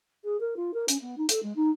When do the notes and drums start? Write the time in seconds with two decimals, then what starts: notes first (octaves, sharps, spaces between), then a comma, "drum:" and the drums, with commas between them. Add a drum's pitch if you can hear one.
0.24 G#4
0.40 A#4
0.56 F4
0.73 A#4
0.88 C#4, drum: hi-hat
1.01 B3
1.17 D#4
1.29 A4, drum: hi-hat
1.42 G#3
1.56 D#4